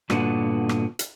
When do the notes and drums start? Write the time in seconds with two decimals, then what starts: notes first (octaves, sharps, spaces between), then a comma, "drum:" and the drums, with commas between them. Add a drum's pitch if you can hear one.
0.10 G2 A#2 D3 B3 F#4, drum: rim click
0.69 drum: rim click
0.99 drum: hi-hat